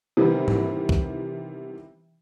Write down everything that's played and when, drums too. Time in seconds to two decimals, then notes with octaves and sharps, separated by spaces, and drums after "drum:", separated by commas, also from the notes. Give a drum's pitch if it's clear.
0.17 C3 D#3 E3 G3 B3
0.48 drum: tom G#2
0.89 drum: kick